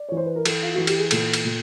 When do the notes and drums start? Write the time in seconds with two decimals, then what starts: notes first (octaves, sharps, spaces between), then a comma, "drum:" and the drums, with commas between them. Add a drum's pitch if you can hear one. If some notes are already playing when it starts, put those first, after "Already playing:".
Already playing: D5
0.09 E3 C#5
0.17 C5
0.26 B4
0.36 A#4
0.45 E3 A4, drum: cymbal
0.62 F4
0.75 E3 F#4
0.87 G4, drum: cymbal
0.99 G#4
1.11 A#2 A4, drum: cymbal
1.34 drum: cymbal
1.45 A#2